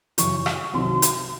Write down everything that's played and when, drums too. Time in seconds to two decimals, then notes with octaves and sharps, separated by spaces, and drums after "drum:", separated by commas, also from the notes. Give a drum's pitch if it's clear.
0.18 F#2 C#3 E3 C#6, drum: hi-hat
0.46 drum: rim click
0.74 C2 C3 D#3 F#3 C6
1.02 drum: hi-hat